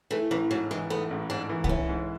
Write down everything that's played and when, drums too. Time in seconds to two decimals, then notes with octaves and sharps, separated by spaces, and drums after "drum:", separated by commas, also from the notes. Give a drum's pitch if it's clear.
0.11 E3 A3
0.31 A1 E3
0.50 G#2 F#3
0.71 E3 G#3
0.90 A3 B3
1.10 A1
1.30 G#2 D4
1.49 E3
1.64 B3, drum: kick C2
1.69 C#4 E4
1.89 G#2